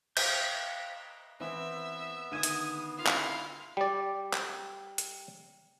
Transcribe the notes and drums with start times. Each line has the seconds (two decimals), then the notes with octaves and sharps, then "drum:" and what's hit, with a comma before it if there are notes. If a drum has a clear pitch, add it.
0.17 F5 G5 G6, drum: cymbal
1.40 E3 B3 C4 E4 E5
2.32 D3 D#3 G#5 D#6 D#7
2.43 drum: hi-hat
2.98 E4 F4 F5
3.07 drum: clap
3.77 G3 D5 G5
4.33 drum: clap
4.98 drum: hi-hat